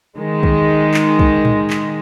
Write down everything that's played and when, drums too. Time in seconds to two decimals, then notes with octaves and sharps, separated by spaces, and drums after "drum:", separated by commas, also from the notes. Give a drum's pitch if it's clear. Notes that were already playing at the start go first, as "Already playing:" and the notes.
0.18 D#3 G#3
0.43 drum: kick
0.94 drum: clap
1.19 drum: kick
1.45 drum: tom A2
1.70 drum: clap